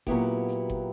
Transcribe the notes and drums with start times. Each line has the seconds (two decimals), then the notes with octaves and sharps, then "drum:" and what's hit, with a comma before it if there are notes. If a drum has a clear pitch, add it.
0.07 A#2 F#3 B3 E4 G4, drum: kick F#1, hi-hat
0.48 drum: hi-hat
0.70 drum: kick F#1